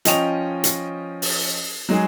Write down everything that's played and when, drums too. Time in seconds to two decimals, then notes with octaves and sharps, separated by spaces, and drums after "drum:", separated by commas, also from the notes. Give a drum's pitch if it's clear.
0.05 F3 C#4 D#5 G5 C#6 F7, drum: hi-hat
0.64 drum: hi-hat
1.22 drum: open hi-hat
1.89 F#3 G#3 D#4 G#4